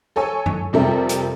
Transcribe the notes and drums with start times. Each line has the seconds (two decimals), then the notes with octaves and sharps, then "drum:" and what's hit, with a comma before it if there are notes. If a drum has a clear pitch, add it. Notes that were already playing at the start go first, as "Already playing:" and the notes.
0.16 A4 C#5 G#5 E6
0.46 drum: tom F#2
0.73 F2 C3 G3 A4 A#4 E5
1.09 drum: hi-hat